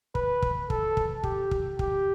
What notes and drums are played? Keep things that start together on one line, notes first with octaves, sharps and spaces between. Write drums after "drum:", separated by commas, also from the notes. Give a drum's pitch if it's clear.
B4, drum: kick
drum: kick
A4, drum: kick
drum: kick
G4, drum: kick
drum: kick
G4, drum: kick